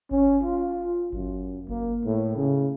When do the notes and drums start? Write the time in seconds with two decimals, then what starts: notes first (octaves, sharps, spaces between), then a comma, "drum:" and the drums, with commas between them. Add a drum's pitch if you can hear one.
0.11 C#4, drum: kick G1
0.43 F4
1.13 F#2, drum: kick G1
1.69 A#3, drum: kick G1
2.05 A2
2.36 C#3